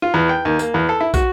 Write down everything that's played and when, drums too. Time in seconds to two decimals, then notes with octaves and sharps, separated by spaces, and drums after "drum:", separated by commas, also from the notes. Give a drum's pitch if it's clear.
0.02 F4
0.14 E2
0.29 G5
0.45 D#2
0.59 A#3, drum: tambourine
0.74 E2
0.89 A4
1.01 E4
1.14 F#4, drum: kick, tambourine